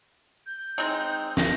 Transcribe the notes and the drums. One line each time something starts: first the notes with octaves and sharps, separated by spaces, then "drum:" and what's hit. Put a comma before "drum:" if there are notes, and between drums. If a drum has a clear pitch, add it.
G6
G#3 C4 D#4
A#6, drum: snare